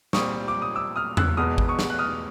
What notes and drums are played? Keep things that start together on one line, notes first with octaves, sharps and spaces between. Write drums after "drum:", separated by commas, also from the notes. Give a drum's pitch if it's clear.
A#2 G3 C4 C#6 D#6, drum: snare
D6
D#6
D6 E6
D#6 F6
E6 F#6, drum: tom E2
E2 B2 G#3 B3 D#6 F6
drum: kick G#1
C#6 D#6
drum: snare
F#6
D#6 F6